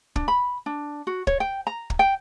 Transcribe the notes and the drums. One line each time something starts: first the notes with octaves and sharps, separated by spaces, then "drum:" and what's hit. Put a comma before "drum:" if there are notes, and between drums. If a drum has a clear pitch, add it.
D4, drum: kick
B5
D4
F#4
C#5, drum: kick
G5
A#5
drum: kick
G5